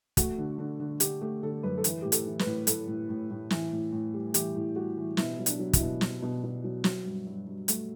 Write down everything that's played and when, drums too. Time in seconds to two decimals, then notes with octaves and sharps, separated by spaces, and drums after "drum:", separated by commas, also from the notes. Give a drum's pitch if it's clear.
0.17 A3 F#4, drum: kick, hi-hat
0.38 D3
0.58 D3
0.80 D3
1.00 D3 G4, drum: hi-hat
1.21 A3 G4
1.43 D3 A4
1.63 F#2 B4
1.78 A4
1.84 E3 B4, drum: hi-hat
2.02 A2 G4
2.12 A4, drum: hi-hat
2.25 E3
2.39 B4, drum: snare
2.46 A2
2.67 A2 A4, drum: hi-hat
2.88 A2
3.09 A2
3.31 A2
3.50 E3, drum: snare
3.72 A2
3.92 A2
4.14 G3
4.34 E3 G4, drum: hi-hat
4.56 A2
4.75 G3 F#4
4.97 E3
5.17 B2 E4, drum: snare
5.39 F#3
5.46 D4, drum: hi-hat
5.59 F#3
5.73 E4, drum: kick, hi-hat
5.81 B2
6.01 F#3 E4, drum: snare
6.22 B2
6.43 B2
6.64 F#3
6.84 F#3, drum: snare
7.05 G2
7.26 G2
7.47 G2
7.68 A3, drum: hi-hat